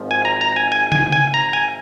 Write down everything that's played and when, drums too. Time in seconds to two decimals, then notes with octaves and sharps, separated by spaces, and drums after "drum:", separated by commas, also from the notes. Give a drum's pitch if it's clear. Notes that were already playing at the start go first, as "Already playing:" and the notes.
Already playing: G#1 G#2 F3
0.11 G#5
0.25 A#5
0.41 A#5
0.56 G#5
0.72 G#5
0.92 G#5, drum: tom C#3
1.12 G#5
1.34 A#5
1.53 G#5